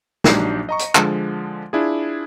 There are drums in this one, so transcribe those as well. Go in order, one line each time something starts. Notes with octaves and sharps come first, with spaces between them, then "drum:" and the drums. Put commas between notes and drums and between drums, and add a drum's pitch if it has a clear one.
A#1 F#3 D4 D#4 G4 C7, drum: snare
D#5 A#5 C#6
drum: hi-hat
D3 F3 G#3, drum: clap
D4 E4 F4 G#4